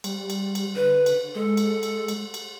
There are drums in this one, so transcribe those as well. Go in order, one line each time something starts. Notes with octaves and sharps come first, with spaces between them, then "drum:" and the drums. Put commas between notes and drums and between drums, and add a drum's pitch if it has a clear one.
G3, drum: cymbal
drum: cymbal
drum: cymbal
D3 B4
drum: cymbal
G#3 A4
drum: cymbal
drum: cymbal
drum: cymbal
drum: cymbal